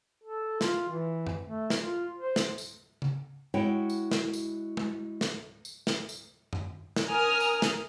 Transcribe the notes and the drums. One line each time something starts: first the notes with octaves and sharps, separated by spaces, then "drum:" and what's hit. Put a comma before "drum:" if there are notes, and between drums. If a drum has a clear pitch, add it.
A4
F4, drum: snare
E3
drum: tom F#2
A3
drum: snare
F4
C5
drum: snare
drum: tambourine
drum: tom C#3
G#3 E4 F#4 C#5 F#5 G5
drum: tambourine
drum: snare
drum: tambourine
drum: tom G#3
drum: snare
drum: tambourine
drum: snare
drum: tambourine
drum: tom F#2
drum: snare
A#4 G#5 D#6 F6
drum: tambourine
drum: snare